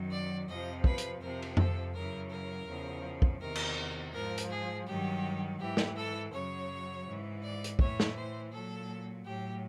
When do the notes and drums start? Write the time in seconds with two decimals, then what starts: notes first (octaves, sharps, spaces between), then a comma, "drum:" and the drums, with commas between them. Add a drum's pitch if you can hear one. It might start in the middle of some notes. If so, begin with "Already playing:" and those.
Already playing: F#2 D#3 F#3
0.10 D5
0.47 F2 C3 F3 D#5
0.84 B4, drum: kick
0.98 drum: hi-hat
1.20 F2 C3 F3 A#4
1.42 drum: cymbal
1.57 A4, drum: tom F2
1.94 F#2 C#3 E3 A#4
2.30 A#4
2.67 E2 C#3 F3
3.22 drum: kick
3.40 E2 C3 D#3 A#4
3.55 drum: cymbal
4.13 G#2 F3 A#4
4.38 drum: hi-hat
4.49 G#4
4.86 G2 D#3 F#3 G4
5.59 G#2 E3 G4
5.77 drum: snare
5.95 A4
6.32 F#2 C#3 F#3 C#5
7.05 G#2 E3
7.42 D5
7.64 drum: hi-hat
7.79 A2 E3 C#5, drum: kick
8.00 drum: snare
8.14 C5
8.51 A#2 F#3 A4
9.24 A2 F#3 G4